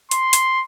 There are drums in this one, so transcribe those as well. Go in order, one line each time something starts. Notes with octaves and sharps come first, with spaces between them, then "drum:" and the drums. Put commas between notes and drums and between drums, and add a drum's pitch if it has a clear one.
C6, drum: hi-hat
drum: hi-hat